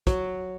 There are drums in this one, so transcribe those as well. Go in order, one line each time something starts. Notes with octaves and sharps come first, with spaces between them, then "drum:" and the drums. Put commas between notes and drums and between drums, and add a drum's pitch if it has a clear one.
F#3, drum: kick, hi-hat